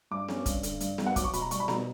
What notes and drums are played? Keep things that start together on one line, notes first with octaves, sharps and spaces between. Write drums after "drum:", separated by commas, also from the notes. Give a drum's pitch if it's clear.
G2 D6
C#4, drum: snare B3
G2, drum: kick, hi-hat
D3, drum: hi-hat
G2, drum: hi-hat
G2, drum: snare B3
F#5
F#3 D6, drum: kick, hi-hat
C#6
B2 B5, drum: hi-hat
A#5
G3 C#6, drum: hi-hat
B5
B2 A#5, drum: snare B3